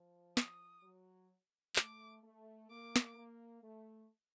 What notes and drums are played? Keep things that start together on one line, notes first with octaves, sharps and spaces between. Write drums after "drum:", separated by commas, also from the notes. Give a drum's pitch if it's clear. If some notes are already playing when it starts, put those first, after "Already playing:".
Already playing: F3
D#6, drum: snare
F#3
A3 D6, drum: clap
A3
A#3 D6
drum: snare
A#3
A3